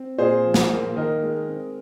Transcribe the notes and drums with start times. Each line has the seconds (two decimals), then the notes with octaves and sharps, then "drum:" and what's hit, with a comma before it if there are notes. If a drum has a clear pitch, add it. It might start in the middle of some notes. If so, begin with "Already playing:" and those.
Already playing: C4
0.18 A#2 G#4 C5
0.45 F3
0.54 drum: snare
0.71 A#3
0.96 D#3 A#4 D#5
1.23 G#3
1.49 C4